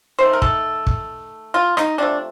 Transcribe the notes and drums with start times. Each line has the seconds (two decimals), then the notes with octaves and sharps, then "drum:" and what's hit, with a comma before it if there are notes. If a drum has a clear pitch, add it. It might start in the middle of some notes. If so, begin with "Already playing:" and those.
0.19 D#3 A3 C5
0.33 A#4
0.42 A4, drum: kick
0.87 drum: kick
1.54 F4
1.77 D#4, drum: rim click
1.98 C3 F3 A3 D4